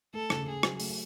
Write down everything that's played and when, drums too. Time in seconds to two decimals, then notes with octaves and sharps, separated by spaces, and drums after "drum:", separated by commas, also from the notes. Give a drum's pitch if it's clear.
0.13 A3 A4
0.30 C#3, drum: rim click
0.47 C#3 G#4
0.63 F#3, drum: rim click
0.80 A3, drum: open hi-hat